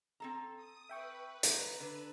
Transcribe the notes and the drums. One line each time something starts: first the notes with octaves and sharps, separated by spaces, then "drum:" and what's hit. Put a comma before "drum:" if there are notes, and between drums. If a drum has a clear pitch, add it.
C4 A4 A#5
D#6
B4 E5 G5 C#6
A#5, drum: hi-hat
D3